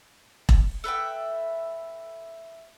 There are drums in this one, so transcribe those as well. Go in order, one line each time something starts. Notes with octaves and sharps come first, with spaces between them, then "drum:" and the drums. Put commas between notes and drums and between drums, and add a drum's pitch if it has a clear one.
drum: kick E1
A4 B4 E5 G5